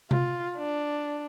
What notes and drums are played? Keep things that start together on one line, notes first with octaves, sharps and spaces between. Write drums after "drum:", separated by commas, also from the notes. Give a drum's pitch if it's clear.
F4, drum: tom C3
D4